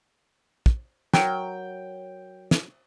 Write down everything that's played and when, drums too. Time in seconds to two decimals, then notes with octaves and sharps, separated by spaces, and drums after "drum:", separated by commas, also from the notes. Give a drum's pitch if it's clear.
0.66 drum: kick
1.14 F#3 A#4 G5, drum: snare
2.51 drum: snare